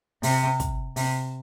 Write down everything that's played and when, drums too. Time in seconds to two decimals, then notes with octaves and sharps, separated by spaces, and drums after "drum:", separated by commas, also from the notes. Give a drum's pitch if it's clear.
0.23 C3, drum: open hi-hat
0.60 drum: kick, hi-hat
0.96 C3, drum: open hi-hat